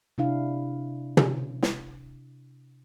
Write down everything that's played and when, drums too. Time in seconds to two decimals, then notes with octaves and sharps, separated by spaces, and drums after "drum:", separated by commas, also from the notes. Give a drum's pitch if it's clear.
0.18 C3 D4 E4 F5
1.17 drum: tom
1.63 drum: snare